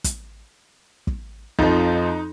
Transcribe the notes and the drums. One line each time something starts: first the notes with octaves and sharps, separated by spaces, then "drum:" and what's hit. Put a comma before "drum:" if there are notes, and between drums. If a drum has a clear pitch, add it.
drum: kick, hi-hat
drum: kick
F2 F3 D#4, drum: kick